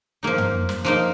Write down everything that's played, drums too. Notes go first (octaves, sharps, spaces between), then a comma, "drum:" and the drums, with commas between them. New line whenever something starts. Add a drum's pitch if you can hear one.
F3 A#3 D#4
drum: tom
drum: snare
F3 A#3 D#4